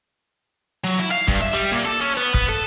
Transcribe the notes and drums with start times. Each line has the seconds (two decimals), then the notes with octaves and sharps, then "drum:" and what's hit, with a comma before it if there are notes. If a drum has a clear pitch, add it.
0.84 F#3
0.99 E4
1.12 F5
1.28 G2, drum: kick
1.42 E5
1.54 G3
1.72 A#2
1.85 A4
2.01 C#4
2.17 B3
2.34 B3, drum: kick
2.49 A4